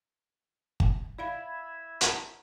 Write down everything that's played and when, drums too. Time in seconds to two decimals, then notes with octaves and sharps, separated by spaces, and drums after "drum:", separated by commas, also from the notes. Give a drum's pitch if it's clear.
0.80 drum: kick
1.18 E4 D5 F5 B5
2.01 F#5 A5 A#5, drum: hi-hat